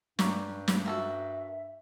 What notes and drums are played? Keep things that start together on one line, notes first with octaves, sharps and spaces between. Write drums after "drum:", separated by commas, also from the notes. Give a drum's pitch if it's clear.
G2 D4 A#5 C#6, drum: snare
drum: snare
F#4 A4 A#4 E5